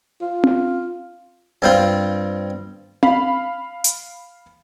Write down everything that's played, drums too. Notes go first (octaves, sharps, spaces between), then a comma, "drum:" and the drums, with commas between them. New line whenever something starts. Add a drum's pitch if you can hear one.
F4
drum: tom C4
G2 C4 F4
F5 B5, drum: tom C4
drum: hi-hat